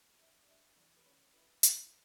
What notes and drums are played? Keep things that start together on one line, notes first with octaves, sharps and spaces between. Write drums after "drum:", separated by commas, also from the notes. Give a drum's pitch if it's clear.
D4 E5
D5
D4 E5
E3 D5
B4
C#4 C#5
E4 B4
E4, drum: hi-hat